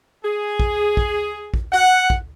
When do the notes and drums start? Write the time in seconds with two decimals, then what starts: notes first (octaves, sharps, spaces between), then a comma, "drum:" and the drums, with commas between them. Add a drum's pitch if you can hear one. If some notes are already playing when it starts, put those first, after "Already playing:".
0.24 G#4
0.60 drum: kick
0.97 drum: kick
1.54 drum: kick
1.72 F#5
2.10 drum: kick